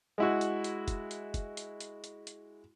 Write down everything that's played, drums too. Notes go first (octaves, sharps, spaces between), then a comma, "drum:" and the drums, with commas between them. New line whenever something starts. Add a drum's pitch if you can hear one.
G#3 E4 F#4
drum: hi-hat
drum: hi-hat
drum: kick, hi-hat
drum: hi-hat
drum: kick, hi-hat
drum: hi-hat
drum: hi-hat
drum: hi-hat
drum: hi-hat